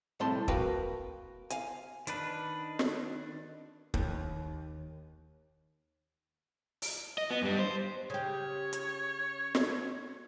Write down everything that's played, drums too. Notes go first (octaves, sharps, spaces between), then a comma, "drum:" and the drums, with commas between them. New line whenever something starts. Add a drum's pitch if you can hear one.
C2 A2 C3 A5 C6
A#3 F#4 A#4 B4 F5 G5, drum: kick
F5 G#5, drum: hi-hat
D#3 D4 B4, drum: hi-hat
drum: snare
D#2, drum: kick
drum: open hi-hat
D#5
B3
G2 G3
C5
C#3 G4 C#5
drum: hi-hat
drum: snare